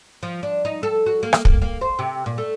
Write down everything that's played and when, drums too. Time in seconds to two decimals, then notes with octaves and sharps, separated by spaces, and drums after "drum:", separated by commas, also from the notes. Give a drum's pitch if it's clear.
0.23 F3
0.43 D4
0.65 D#4
0.83 A4
1.06 F#4
1.23 A#3
1.33 drum: rim click
1.45 A#3, drum: kick
1.62 A#3
1.81 C5
1.99 C3
2.26 A#2
2.38 A3